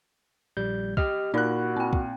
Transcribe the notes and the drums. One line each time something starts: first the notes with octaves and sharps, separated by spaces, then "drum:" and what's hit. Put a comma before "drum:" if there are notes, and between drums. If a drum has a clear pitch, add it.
A#1 G3 G6
G4 D#5 F6, drum: kick
A#2 D#4 F#4 A#4 D5 B5 F#6
C4 G5
drum: kick